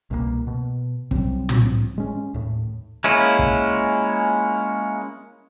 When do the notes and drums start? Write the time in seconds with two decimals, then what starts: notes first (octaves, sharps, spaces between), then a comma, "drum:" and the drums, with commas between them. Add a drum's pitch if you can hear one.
0.11 C2 B2 D#3 A#3
0.47 B2
1.11 C2 F#3 G3 C4, drum: kick
1.49 drum: tom
1.98 G#3 C#4
2.34 D#2 A2
3.04 G#3 A#3 C#4 E4 F4
3.39 drum: kick